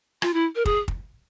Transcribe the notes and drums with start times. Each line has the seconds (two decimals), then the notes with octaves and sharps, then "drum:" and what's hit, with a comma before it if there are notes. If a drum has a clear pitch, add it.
0.22 F4, drum: rim click
0.34 E4
0.55 A#4
0.65 G#4, drum: kick
0.88 drum: kick